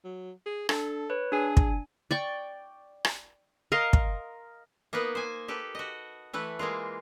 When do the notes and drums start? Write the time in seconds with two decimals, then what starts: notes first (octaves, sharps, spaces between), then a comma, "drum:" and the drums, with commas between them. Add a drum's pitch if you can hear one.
0.04 F#3
0.46 G#4
0.69 D4 A4, drum: rim click
1.10 B4 C#5
1.32 D4 G#4 G#5
1.57 drum: kick
2.11 D5 G5 C#6
3.05 drum: rim click
3.72 A#4 D#5 F5 C6
3.93 drum: kick
4.93 A#3 B3 D#4 B4
5.15 C5 G#5
5.48 G4 A4 B4
5.75 F#4 D#5
6.33 E3 A3 B4
6.59 E3 G#3 A#3 F4